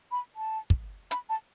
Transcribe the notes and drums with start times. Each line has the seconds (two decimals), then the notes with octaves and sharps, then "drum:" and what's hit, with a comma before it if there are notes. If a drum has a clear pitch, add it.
0.12 B5
0.36 A5
0.70 drum: kick
1.11 B5, drum: hi-hat
1.29 A5